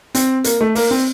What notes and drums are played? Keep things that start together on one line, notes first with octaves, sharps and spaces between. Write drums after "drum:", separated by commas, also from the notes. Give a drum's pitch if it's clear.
C4, drum: hi-hat
A#3, drum: hi-hat
A3
A#3, drum: open hi-hat
C4